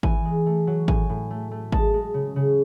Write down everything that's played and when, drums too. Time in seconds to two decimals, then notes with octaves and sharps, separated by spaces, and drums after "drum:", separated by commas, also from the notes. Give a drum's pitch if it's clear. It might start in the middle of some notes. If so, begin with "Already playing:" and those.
0.03 E3 G#5, drum: kick G#1
0.25 G#3
0.46 A3
0.67 F#3
0.88 A2 G#5, drum: kick G#1
1.09 A2
1.31 A3
1.51 A3
1.72 G#3 A5, drum: kick G#1
1.94 G#3
2.14 C#3
2.36 C#3